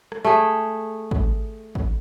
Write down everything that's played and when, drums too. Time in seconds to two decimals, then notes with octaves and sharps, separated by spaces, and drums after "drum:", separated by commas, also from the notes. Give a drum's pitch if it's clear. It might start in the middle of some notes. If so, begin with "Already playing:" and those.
0.12 drum: rim click
0.25 A3 G#4
1.11 drum: kick
1.75 drum: kick